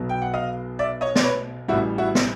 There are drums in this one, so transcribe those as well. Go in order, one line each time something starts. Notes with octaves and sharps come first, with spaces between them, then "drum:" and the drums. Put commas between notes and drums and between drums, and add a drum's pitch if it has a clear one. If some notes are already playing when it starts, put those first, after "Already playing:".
Already playing: B1 B2 F#3 B3
G5
F#5
D#5 F5
D5 E5
C#5 D#5
D5, drum: snare
B4 C#5
A1 A2 E3 G3 E4 F#4
E4 F#4
drum: snare